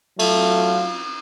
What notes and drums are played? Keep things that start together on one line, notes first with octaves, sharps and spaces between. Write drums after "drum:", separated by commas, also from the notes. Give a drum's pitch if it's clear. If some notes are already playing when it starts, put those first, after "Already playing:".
F#3 A3 F4, drum: cymbal